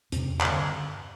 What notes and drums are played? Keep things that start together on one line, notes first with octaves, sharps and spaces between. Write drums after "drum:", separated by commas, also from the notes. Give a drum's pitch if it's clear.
E2 C3 C4, drum: hi-hat
G2 D3, drum: clap